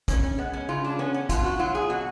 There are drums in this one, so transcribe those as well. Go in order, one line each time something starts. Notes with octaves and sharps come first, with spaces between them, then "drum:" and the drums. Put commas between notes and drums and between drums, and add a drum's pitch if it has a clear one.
C#3 C#4, drum: kick, hi-hat
C#4
G#3 B3
C#4
C#3 F4
D4
B3 C#4
C#4
B2 F4, drum: kick, hi-hat
F#4
F#3 F4
G#4
B2 F#4